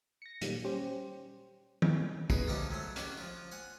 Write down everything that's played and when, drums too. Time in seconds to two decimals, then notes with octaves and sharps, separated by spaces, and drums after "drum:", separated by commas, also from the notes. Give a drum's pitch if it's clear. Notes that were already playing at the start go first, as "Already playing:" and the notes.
0.22 A#6 C#7
0.41 A#2 D#3 F#3 G3, drum: hi-hat
0.64 G3 C#4 G4 C5
1.82 drum: tom D#3
2.30 D#4 G#4 B4 C#5, drum: kick
2.48 D2 F3 D#4 G4 A5 C#6
2.71 F#3 A3 C6
2.96 D#3 C#4 F#4 G4, drum: hi-hat
3.17 F3 F4
3.51 F#5 G#5 C6